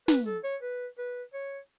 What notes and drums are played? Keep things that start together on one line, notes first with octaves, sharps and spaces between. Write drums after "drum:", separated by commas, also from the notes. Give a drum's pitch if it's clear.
B4, drum: snare
A4
C#5
B4
B4
C#5